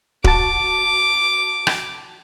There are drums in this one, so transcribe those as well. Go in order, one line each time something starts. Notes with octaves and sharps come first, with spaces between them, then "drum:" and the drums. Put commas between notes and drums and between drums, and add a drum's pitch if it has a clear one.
F#4 A5 D6, drum: kick D1
drum: rim click